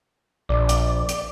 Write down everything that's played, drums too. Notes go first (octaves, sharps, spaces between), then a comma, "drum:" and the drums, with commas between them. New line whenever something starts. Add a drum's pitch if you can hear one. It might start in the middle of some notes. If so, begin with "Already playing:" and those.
A#1 D5
drum: hi-hat
drum: hi-hat